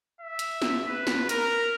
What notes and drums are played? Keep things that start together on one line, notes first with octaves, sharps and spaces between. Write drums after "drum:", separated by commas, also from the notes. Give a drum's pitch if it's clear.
E5
drum: hi-hat
drum: snare
B4
drum: snare
A#4, drum: hi-hat